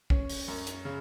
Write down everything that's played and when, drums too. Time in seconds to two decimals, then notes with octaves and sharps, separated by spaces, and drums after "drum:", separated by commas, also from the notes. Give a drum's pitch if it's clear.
0.10 C#4, drum: kick
0.29 drum: open hi-hat
0.48 F#2
0.67 drum: hi-hat
0.85 C#3